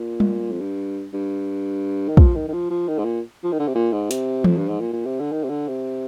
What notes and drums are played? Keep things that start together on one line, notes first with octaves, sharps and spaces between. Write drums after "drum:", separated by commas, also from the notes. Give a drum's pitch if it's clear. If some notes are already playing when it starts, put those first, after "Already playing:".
Already playing: A#2
drum: tom G3
F2
G2
G2
D#3
F3, drum: kick
D#3
D#3
F3
F3
D#3
G#2
A#2
F3
D#3
D3
C3
A#2
G#2
C3, drum: hi-hat
F2, drum: tom E3
G2
G#2
A#2
A#2
C3
D3
D#3
C3
D3
C3